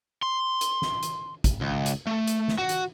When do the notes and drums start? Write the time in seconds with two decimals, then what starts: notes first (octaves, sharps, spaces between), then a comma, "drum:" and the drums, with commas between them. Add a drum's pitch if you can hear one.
0.22 C6
0.61 drum: hi-hat
0.82 drum: snare
1.03 drum: hi-hat
1.44 drum: kick, hi-hat
1.61 C#2
1.86 drum: hi-hat
2.07 A3
2.27 drum: hi-hat
2.48 drum: snare
2.58 F#4
2.69 drum: hi-hat